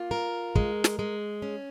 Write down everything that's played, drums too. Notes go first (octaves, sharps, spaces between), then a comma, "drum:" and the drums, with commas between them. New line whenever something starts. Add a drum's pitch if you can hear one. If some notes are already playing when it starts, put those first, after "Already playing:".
Already playing: A#3 F4
A#4
G#3, drum: kick
drum: snare
G#3
C#4